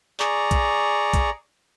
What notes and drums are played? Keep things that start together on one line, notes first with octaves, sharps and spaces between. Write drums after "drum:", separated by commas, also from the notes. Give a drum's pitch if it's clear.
G#4 D5 A#5 C#6, drum: clap
drum: kick, hi-hat
drum: kick, hi-hat